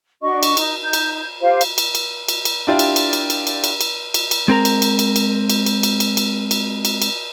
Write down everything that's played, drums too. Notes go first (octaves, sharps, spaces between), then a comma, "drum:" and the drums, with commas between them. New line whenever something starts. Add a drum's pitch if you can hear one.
D4 F#4 D#5 C#6
drum: cymbal
D#4, drum: cymbal
D#4 G6
drum: cymbal
F4 G4 C5 F5
drum: cymbal
drum: cymbal
drum: cymbal
drum: cymbal
drum: cymbal
D4 E4 F4 G4 D5
drum: cymbal
drum: cymbal
drum: cymbal
drum: cymbal
drum: cymbal
drum: cymbal
drum: cymbal
drum: cymbal
drum: cymbal
G#3 C4 A#4 A#5
drum: cymbal
drum: cymbal
drum: cymbal
drum: cymbal
drum: cymbal
drum: cymbal
drum: cymbal
drum: cymbal
drum: cymbal
drum: cymbal
drum: cymbal
drum: cymbal